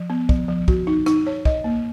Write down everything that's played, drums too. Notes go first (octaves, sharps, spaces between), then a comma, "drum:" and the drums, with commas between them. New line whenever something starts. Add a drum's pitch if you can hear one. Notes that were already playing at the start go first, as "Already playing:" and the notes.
Already playing: F3
B3
F3, drum: kick
F3
F#4, drum: kick
D#4
D#4, drum: rim click
C#5
D#5, drum: kick
A#3